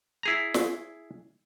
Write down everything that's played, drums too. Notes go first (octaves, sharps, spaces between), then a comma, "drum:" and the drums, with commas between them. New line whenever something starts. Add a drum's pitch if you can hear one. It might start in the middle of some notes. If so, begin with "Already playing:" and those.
E4 G#4 A#5
drum: snare